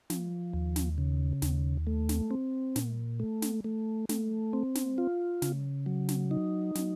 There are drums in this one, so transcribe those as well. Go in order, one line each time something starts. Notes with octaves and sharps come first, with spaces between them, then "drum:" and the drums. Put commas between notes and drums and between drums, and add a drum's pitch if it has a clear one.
F3, drum: snare
D#2
drum: snare
C#3
D#2, drum: snare
A3
drum: snare
C4
A#2, drum: snare
A3
drum: snare
A3
A3, drum: snare
C4
drum: snare
F4
C#3, drum: snare
F#3
drum: snare
D#4
F#3, drum: snare